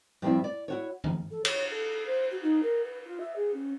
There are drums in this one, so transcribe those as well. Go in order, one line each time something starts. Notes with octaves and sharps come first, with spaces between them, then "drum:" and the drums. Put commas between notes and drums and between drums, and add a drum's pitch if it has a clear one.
G2 F3 G3 C4 E4
D5
E4 F#4 C#5
drum: tom G2
A4
C#5, drum: cymbal
A4
C5
F#4
D#4
A#4
B4
F4
E5
G#4
C#4